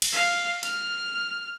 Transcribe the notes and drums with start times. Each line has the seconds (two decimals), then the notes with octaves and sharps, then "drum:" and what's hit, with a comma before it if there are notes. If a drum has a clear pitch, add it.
0.02 drum: cymbal
0.13 F5
0.63 F6, drum: hi-hat